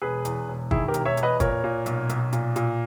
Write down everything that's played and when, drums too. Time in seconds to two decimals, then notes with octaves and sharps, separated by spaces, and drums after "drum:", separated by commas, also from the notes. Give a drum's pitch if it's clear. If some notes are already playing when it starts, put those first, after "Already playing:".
0.02 E1 G#4 B4
0.25 E2, drum: hi-hat
0.48 E1
0.71 D#3 E4 G#4, drum: kick
0.88 G4 A#4
0.94 E1, drum: hi-hat
1.05 C#5 E5
1.17 E2, drum: hi-hat
1.23 B4 D#5
1.40 A#2 A#4 C#5, drum: kick, hi-hat
1.64 A#2
1.86 B1, drum: hi-hat
2.09 B1, drum: hi-hat
2.33 A#2, drum: hi-hat
2.56 A#2, drum: hi-hat